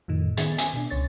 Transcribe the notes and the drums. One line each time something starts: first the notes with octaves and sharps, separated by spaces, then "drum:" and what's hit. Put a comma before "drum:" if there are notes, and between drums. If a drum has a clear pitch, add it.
F2 A2 D#3
D#3 B3 G#4 G#5 A6, drum: hi-hat
G#5, drum: hi-hat
B2 D4
C#2 C#5 A6